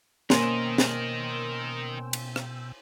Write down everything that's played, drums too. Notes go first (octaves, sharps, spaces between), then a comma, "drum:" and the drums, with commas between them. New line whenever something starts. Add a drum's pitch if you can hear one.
B2 A#3 C#4 A#4 C5 D#5 G5 E6, drum: snare
drum: snare
drum: cymbal
drum: rim click